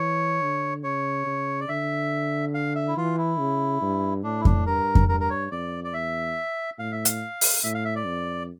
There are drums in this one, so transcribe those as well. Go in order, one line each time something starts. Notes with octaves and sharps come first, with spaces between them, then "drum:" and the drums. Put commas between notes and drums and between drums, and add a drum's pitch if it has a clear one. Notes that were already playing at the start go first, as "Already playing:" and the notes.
Already playing: E3 C#5
D3
C#3 C#5
C#3
D5
D3 E5
F5
E5
E4
E3 F4
E4
C#3
G2
A2 D4
E4
D4, drum: kick F2
G2 A#4
drum: kick F2
G2 A#4
A#4
C#5
F2 D5
D5
E2 E5
A2 F5
E5
F5, drum: hi-hat
drum: open hi-hat
A2 E5
F5
E5
D5
F2